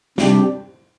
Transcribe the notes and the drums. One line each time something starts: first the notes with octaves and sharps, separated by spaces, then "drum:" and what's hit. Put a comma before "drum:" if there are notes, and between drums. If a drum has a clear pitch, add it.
C3 G3 D4 G4, drum: snare